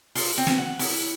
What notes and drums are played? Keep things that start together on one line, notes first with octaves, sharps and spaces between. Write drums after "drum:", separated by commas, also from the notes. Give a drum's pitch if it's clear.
F4, drum: open hi-hat
C4
drum: snare
F#5
E4, drum: open hi-hat